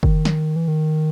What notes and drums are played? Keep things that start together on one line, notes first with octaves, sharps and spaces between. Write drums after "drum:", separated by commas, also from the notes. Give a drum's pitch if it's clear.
D#3, drum: kick
drum: snare
E3
D#3